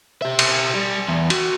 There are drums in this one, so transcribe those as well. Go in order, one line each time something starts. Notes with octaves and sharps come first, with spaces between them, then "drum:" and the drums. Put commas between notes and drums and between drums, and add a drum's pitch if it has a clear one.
G4 E5
drum: cymbal
G3
E2
F#4, drum: cymbal